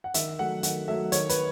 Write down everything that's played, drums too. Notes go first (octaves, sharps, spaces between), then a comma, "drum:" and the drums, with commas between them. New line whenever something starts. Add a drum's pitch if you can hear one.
F#5
D#3 E5, drum: hi-hat
F#3 A3 F#5
D#3 F#5, drum: hi-hat
F#3 A3 E5
D#3 C#5, drum: hi-hat
B4, drum: hi-hat